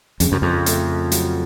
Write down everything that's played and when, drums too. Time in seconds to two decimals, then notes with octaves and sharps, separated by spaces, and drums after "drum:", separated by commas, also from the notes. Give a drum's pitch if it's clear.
0.20 F2 C#3, drum: hi-hat
0.32 F#2
0.42 F2
0.66 A3, drum: hi-hat
1.12 F#3, drum: hi-hat